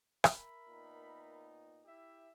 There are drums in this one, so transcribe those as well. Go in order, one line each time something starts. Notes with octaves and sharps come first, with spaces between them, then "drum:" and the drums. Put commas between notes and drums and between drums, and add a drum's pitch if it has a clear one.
A#4 E5 B5, drum: rim click
A#2 B3 D#4
E4 G4 E5